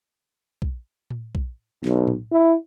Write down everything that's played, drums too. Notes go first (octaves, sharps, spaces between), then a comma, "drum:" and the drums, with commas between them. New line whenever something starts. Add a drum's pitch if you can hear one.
drum: kick
drum: tom A2
drum: kick
B1, drum: snare
drum: tom A2
E4